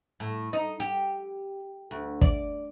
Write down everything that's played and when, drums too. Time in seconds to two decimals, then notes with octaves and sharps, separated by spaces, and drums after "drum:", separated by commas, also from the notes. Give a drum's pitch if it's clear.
0.20 A2
0.53 D#4
0.80 G4
1.91 D2
2.21 D5, drum: kick